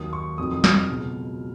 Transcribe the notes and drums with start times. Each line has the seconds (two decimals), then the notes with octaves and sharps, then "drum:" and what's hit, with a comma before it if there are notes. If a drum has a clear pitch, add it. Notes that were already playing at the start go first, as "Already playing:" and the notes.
Already playing: D#2 D#3 F#3 D#6
0.13 C#6
0.38 F1 F2 D#3 F#3 D#6
0.51 D#6
0.64 D#6, drum: snare
0.76 F6
0.89 C#2 B2 F#3